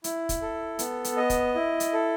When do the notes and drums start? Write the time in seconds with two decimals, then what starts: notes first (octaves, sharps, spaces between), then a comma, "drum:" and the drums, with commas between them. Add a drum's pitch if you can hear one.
0.04 E4, drum: hi-hat
0.29 drum: kick, hi-hat
0.42 A4
0.79 B3, drum: hi-hat
1.04 drum: hi-hat
1.17 D#5
1.30 drum: kick, hi-hat
1.55 E4
1.80 drum: hi-hat
1.93 A4